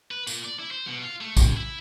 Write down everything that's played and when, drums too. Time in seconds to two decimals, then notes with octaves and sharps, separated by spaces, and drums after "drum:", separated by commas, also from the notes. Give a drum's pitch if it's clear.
0.11 B4
0.27 A#2, drum: tambourine
0.44 D5
0.59 E4
0.71 C5
0.87 B2
1.02 F4
1.21 A3
1.37 F#2, drum: kick A#1, tambourine
1.57 E4